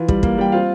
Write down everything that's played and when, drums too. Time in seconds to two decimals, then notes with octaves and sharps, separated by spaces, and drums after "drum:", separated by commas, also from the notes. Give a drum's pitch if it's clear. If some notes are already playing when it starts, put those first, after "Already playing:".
Already playing: E3 F4
0.08 G3, drum: kick
0.23 A#3, drum: kick
0.38 G3 G5
0.52 C4 F4 F5